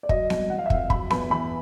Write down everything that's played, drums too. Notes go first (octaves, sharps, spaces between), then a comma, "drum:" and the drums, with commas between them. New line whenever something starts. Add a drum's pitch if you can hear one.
D5
F#3 D#5, drum: kick
C2, drum: snare B3
E3 F#5
F5
E5
F2 F5, drum: kick
F#3 B5, drum: kick
E2 B5, drum: snare B3
E3 B5